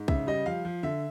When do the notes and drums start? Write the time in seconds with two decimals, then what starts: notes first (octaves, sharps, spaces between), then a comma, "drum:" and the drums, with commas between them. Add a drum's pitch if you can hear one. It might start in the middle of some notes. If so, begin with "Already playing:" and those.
Already playing: G#2
0.08 C#3 E5, drum: kick
0.27 G3 D#5
0.46 F3 F5
0.65 F3
0.83 D3 E5